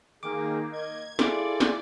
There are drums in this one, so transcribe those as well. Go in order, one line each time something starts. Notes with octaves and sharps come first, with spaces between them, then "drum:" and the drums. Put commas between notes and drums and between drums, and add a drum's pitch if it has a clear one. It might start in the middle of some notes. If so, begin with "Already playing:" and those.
D#3 A#3 G#4 D6
D#5 G#6
E4 F4 G#4 A4 D5 F5 D6, drum: snare
drum: snare